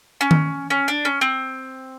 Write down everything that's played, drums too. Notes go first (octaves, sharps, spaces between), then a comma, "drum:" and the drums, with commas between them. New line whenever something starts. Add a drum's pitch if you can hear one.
C#4
drum: tom D#3
C#4
D4
C#4
C4